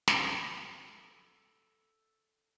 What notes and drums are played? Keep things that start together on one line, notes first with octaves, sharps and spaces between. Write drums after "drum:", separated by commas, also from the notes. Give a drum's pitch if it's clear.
B3 D4 F#4 G#4 A4 F#5, drum: snare